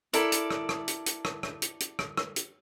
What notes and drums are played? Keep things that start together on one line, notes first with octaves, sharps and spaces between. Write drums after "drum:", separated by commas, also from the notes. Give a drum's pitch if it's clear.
E4 A4 A#4 D5, drum: hi-hat
drum: hi-hat
drum: rim click
drum: rim click
drum: hi-hat
drum: hi-hat
drum: rim click
drum: rim click
drum: hi-hat
drum: hi-hat
drum: rim click
drum: rim click
drum: hi-hat